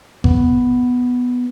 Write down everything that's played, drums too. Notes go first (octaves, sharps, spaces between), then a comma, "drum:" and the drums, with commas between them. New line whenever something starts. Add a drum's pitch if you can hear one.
B3, drum: kick G#1